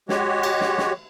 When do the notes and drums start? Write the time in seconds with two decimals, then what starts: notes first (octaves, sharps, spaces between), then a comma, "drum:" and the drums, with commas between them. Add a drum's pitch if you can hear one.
0.09 G#3 F#4 G4 C#5, drum: snare
0.43 drum: cymbal
0.61 drum: snare
0.78 drum: snare